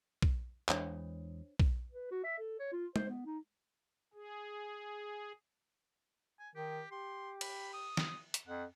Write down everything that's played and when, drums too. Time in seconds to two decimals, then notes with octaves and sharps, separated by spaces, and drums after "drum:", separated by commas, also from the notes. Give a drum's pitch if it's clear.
0.22 drum: kick
0.69 E2 E3 G#3 D4 C5 C#5, drum: clap
1.60 drum: kick
1.92 B4
2.11 F#4
2.24 E5
2.38 A4
2.59 C#5
2.72 F4
2.96 C5, drum: tom
3.09 B3
3.26 D#4
4.14 G#4
6.39 G#5
6.55 D#3 G4
6.91 G4 C6
7.41 B5, drum: cymbal
7.73 D#6
7.97 drum: snare
8.34 drum: hi-hat
8.47 F2 F#5